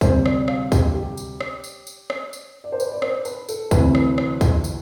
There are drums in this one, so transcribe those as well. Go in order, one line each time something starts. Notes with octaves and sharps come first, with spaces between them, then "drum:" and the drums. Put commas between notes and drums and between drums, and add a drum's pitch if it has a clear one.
D2 C3 G3 C5, drum: kick, tambourine
D5, drum: rim click
F5, drum: rim click
G4, drum: kick, tambourine
G4
drum: tambourine
drum: rim click
drum: tambourine
drum: tambourine
drum: rim click
drum: tambourine
D5
C5
B4, drum: tambourine
D5
C5, drum: rim click
B4, drum: tambourine
A4, drum: tambourine
D2 C3 E3 A3 C4 B4, drum: kick, tambourine
drum: rim click
drum: rim click
drum: kick, tambourine
drum: tambourine